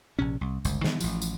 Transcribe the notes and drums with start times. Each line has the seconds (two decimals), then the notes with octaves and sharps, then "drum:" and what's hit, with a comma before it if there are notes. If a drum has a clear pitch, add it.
0.19 A#1 C3 C#4
0.41 C2
0.65 G1 C#2, drum: tambourine
0.84 D#3 E3 B3, drum: snare
1.00 A1 F3, drum: tambourine
1.21 drum: tambourine